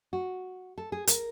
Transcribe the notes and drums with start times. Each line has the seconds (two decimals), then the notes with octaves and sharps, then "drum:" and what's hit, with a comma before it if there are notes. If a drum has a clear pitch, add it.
0.13 F#4
0.78 A4
0.92 G#4
1.07 A#4, drum: hi-hat